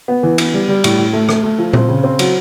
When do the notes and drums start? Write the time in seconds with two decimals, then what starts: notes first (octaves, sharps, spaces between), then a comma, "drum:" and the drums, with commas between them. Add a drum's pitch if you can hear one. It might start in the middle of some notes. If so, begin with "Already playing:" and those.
0.08 B3
0.23 E3
0.38 B3, drum: cymbal
0.54 G3
0.69 G3
0.84 A2, drum: cymbal
0.98 A2
1.13 A3
1.29 A3, drum: rim click
1.43 A3
1.59 F3
1.73 C4, drum: tom A#2
1.88 C#3
2.04 C4
2.19 F#3, drum: cymbal